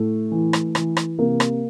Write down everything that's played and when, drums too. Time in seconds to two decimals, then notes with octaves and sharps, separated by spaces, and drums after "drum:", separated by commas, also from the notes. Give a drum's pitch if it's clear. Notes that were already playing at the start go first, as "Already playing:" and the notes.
Already playing: A2 A3
0.31 E3
0.53 drum: rim click
0.75 E3, drum: rim click
0.97 drum: rim click
1.18 C3 A#3
1.40 drum: rim click